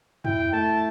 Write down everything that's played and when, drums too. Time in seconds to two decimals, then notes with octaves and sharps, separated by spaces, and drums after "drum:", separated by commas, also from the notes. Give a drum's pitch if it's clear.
0.25 E4 G5, drum: tom
0.53 A3 A5